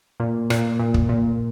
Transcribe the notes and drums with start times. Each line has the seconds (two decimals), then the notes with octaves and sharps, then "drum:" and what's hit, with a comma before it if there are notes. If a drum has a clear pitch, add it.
0.20 A#2
0.50 A#2, drum: rim click
0.80 A#2
0.94 drum: kick
1.09 A#2